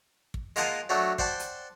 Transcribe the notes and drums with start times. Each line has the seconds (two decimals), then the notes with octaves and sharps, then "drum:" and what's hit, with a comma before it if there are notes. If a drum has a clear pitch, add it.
0.34 drum: kick
0.56 G#3 A#3 F4 F#5 A5 D#6, drum: hi-hat
0.89 F#3 A3 D4 F#4
1.18 C5 D5 F#5 G5 A5, drum: kick
1.40 drum: hi-hat